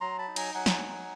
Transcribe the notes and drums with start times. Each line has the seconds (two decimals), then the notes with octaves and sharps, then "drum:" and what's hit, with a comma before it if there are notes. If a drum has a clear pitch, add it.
0.01 F#3 A#5 C6
0.18 A5 B5
0.28 D#4
0.36 G#5 A#5, drum: cymbal
0.54 F#3 F#5 G#5
0.66 drum: snare
0.83 D#4